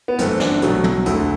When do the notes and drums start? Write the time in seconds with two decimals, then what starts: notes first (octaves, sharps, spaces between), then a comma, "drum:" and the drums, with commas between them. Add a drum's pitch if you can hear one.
0.08 B3
0.18 G1 F#2 E3 A3 C4, drum: hi-hat
0.40 D4, drum: snare
0.62 B1 B2 F#3 A3, drum: hi-hat
0.84 drum: tom
1.06 E1 D2 D3 A3 E4, drum: hi-hat